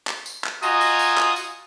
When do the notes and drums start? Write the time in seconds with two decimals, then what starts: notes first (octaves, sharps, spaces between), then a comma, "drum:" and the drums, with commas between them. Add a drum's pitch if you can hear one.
0.07 drum: clap
0.26 drum: tambourine
0.44 drum: clap
0.62 F4 F#4 D#5 G#5 A#5 D#6, drum: tambourine
0.81 drum: tambourine
0.99 drum: tambourine
1.18 drum: clap
1.36 drum: tambourine